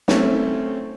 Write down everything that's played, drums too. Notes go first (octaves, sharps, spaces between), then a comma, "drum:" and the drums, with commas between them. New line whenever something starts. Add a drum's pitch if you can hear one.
A3 C4 C#4, drum: snare